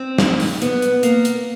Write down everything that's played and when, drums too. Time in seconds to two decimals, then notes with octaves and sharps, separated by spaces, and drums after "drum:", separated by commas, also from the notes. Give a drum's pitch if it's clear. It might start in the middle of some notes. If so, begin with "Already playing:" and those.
Already playing: C4
0.18 drum: snare
0.40 drum: open hi-hat
0.62 B3, drum: hi-hat
0.82 drum: hi-hat
1.03 A#3, drum: hi-hat
1.25 drum: hi-hat